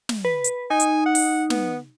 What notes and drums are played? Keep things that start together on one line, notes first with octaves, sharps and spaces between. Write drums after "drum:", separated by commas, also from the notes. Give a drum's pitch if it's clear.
drum: snare
B4
drum: hi-hat
D#4 G#5
drum: hi-hat
F#5
drum: open hi-hat
B3, drum: snare